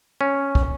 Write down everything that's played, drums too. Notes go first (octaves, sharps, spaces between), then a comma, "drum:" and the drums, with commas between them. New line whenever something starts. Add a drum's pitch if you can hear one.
C#4
drum: kick